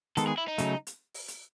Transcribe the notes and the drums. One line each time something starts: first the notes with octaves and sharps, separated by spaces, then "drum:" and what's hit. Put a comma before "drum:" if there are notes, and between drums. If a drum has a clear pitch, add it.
D#3 G#3 B3 A4, drum: hi-hat
G#4
E4
D#4
C#3 F#3 A3, drum: hi-hat
drum: hi-hat
drum: open hi-hat
drum: hi-hat